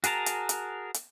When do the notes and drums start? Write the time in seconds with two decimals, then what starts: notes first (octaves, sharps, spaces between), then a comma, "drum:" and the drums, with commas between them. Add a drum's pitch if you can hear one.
0.04 F#4 G#4 A#4 A5 A#5, drum: hi-hat
0.26 drum: hi-hat
0.49 drum: hi-hat
0.94 drum: hi-hat